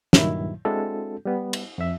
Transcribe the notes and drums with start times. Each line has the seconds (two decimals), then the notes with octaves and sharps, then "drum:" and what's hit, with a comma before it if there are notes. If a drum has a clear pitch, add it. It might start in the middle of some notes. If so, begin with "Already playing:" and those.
0.13 C#2 G2 A#2 D#3 F#3 E4, drum: snare
0.65 G#3 C4 D4 E4 F#4 A4
1.25 G3 B3
1.53 drum: cymbal
1.78 F2 E5